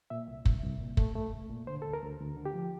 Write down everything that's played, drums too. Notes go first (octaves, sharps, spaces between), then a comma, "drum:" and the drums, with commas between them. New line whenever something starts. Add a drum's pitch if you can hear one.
A#2 E5
C2
C2, drum: kick
C2
A#2
A3, drum: kick
A3
C2
A#2
D3 C5
D2 A4
A#4
D2
D2
D3
G4
F3